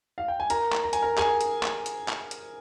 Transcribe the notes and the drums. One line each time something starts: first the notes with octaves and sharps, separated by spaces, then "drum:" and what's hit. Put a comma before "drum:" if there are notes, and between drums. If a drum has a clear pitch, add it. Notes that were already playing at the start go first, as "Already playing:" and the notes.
F5
G5
G#5
A#4 A#5, drum: hi-hat
drum: clap
A#5
G#5, drum: hi-hat
A#4 A#5
G#4 G#5, drum: clap
drum: hi-hat
drum: clap
drum: hi-hat
drum: clap
drum: hi-hat